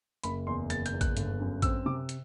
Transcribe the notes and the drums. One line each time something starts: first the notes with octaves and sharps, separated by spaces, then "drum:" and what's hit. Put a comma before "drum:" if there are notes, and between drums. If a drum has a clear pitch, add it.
F#1 B5, drum: hi-hat
E2 C6
F#1 A6, drum: hi-hat
G6, drum: hi-hat
E2
F#6, drum: kick, hi-hat
G1, drum: hi-hat
F#2
C4 E6, drum: kick, hi-hat
C3 D6
drum: hi-hat